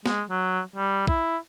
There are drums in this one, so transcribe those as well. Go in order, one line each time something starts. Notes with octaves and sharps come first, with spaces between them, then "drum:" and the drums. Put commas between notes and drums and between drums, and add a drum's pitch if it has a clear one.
G#3, drum: snare
F#3
G3
E4, drum: kick